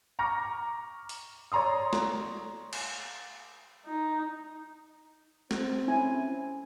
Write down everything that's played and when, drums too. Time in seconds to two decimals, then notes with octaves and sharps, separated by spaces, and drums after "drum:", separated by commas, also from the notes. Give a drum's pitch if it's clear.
0.19 A#5 C#6 D6 F6 A#6
1.09 drum: open hi-hat
1.52 C#5 D5 A#5 C6 D#6
1.93 drum: snare
2.73 drum: cymbal
3.86 D#4
5.51 C4, drum: snare
5.87 C#4 E4 G#5